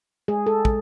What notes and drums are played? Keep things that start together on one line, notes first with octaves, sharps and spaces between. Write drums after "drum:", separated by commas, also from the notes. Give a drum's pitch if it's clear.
G#3 G#4
A4
G#3, drum: kick